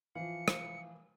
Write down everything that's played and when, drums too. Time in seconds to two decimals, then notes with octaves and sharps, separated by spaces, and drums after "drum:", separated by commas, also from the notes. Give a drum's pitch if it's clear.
0.15 E3 F3 F5 C#7
0.48 drum: rim click